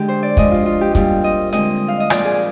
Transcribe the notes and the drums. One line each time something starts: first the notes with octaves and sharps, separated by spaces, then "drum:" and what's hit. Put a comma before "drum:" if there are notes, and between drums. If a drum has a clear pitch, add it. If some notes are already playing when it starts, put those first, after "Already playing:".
Already playing: D3 G#3 D4 G4
C5
D5
F3 G#3 D4 D#5, drum: kick, hi-hat
F4
F4
G4
A#2 G3 C4 G4, drum: kick, hi-hat
D#5
D3 G#3 C4 D#5, drum: hi-hat
F5
D#5
A#2 F3 C4 D5, drum: rim click
G#4